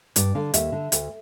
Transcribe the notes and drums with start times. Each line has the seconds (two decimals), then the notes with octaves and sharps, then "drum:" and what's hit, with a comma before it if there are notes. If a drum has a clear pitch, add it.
0.16 G2 D5, drum: hi-hat
0.35 D3 F5
0.54 D#2 E5, drum: hi-hat
0.72 D3
0.92 D2, drum: hi-hat